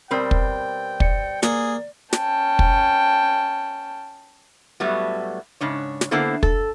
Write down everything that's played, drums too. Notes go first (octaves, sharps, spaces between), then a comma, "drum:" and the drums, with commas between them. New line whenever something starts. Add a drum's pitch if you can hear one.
B2 G3 C4 A#4 D5 G5
drum: kick
D5 C#7, drum: kick
A#3 G#4 D5, drum: snare
C#4 G5 A5, drum: snare
drum: kick
A2 F#3 G3 A3 B3
G#2 C#3 D4 C#5
drum: snare
D3 A#3 B3 E4 A4 C5
A4, drum: kick